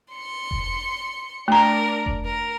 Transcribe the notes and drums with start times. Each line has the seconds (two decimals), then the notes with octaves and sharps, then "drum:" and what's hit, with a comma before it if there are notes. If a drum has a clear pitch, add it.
0.12 C6 C#7
0.51 drum: kick F1
1.48 A3 D4 A#4 A#5
2.06 drum: kick F1
2.25 A#4